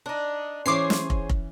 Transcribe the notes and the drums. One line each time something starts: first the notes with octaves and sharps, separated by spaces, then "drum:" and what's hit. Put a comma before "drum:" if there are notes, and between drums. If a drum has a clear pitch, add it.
D4 D#4
E3 C#4 G#4 C5 C#5 D6 C7
drum: snare
drum: kick
drum: kick